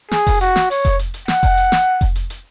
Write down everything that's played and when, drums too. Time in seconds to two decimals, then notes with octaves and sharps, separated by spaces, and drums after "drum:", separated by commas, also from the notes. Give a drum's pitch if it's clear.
0.11 G#4, drum: snare
0.27 drum: kick F1, open hi-hat
0.41 F#4, drum: hi-hat
0.56 drum: snare
0.71 C#5, drum: open hi-hat
0.85 drum: kick F1, hi-hat
0.99 drum: hi-hat
1.14 drum: hi-hat
1.28 F#5, drum: snare
1.43 drum: kick F1, open hi-hat
1.57 drum: hi-hat
1.72 drum: snare
2.01 drum: kick F1, hi-hat
2.15 drum: hi-hat
2.30 drum: hi-hat